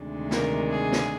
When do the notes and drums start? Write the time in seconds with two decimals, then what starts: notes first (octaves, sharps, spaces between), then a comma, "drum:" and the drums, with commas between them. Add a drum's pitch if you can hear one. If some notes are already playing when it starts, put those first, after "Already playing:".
Already playing: D2 C3 D#3 G#3 D4
0.31 A#4, drum: snare
0.71 G#4
0.92 drum: snare